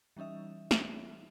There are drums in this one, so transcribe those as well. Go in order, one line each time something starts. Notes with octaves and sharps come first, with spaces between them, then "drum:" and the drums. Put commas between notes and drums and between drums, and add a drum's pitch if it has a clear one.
E3 G3 C#4 D#4 E5
drum: snare